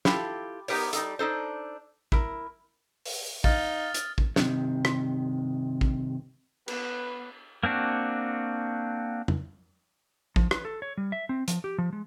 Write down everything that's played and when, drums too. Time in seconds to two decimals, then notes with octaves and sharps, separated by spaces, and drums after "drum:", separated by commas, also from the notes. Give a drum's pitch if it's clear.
0.05 E4 F4 G4 A4, drum: snare
0.68 B3 D#4 G4 A#4 C#5, drum: open hi-hat
0.93 G3 D#4 A4, drum: hi-hat
1.19 D4 D#4 A4 C5
2.12 E4 A#4, drum: kick A1
3.06 drum: open hi-hat
3.44 D#4 F5 D#6 F6 A6, drum: kick A1
3.94 drum: hi-hat
4.18 drum: kick A1
4.36 G2 C3 D#3, drum: snare
4.85 drum: rim click
5.81 drum: kick A1
6.68 B3 B4, drum: cymbal
7.63 A#3 C4 D4 F#4
9.28 drum: tom
10.36 F3, drum: kick A1
10.51 B4, drum: rim click
10.65 A4
10.82 C#5
10.98 G3
11.12 E5
11.29 C4
11.48 F3, drum: hi-hat
11.64 G4
11.78 F3
11.93 G#3